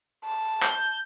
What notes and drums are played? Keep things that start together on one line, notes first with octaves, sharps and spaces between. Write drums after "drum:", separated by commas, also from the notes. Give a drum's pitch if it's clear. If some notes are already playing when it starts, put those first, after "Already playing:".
A5
G6, drum: clap